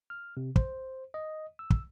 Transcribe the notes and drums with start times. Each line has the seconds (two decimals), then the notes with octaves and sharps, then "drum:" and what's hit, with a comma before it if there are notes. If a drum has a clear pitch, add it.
0.10 F6
0.37 C3
0.56 C5, drum: kick
1.14 D#5
1.59 E6
1.70 drum: kick